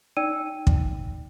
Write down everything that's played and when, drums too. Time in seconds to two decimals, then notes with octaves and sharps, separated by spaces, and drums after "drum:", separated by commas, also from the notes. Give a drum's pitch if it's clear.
0.17 D#4 D5 G5 E6 D#7
0.67 drum: kick